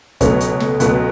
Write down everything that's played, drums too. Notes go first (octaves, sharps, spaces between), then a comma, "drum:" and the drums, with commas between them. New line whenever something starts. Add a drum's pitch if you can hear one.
C#2 B2 F#3 A3 C#5, drum: kick, hi-hat
drum: hi-hat
drum: snare
C#2 B2 F#3 A3 F#4, drum: hi-hat